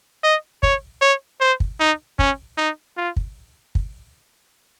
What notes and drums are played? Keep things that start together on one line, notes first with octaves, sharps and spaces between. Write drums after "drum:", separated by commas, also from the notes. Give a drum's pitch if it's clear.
D#5
C#5, drum: kick
C#5
C5
drum: kick
D#4
C#4, drum: kick
D#4
F4
drum: kick
drum: kick